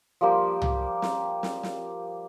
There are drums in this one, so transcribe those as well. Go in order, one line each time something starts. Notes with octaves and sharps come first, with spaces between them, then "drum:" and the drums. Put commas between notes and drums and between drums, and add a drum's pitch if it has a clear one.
F3 G3 A#3 G4
drum: tom
drum: snare
drum: snare
drum: snare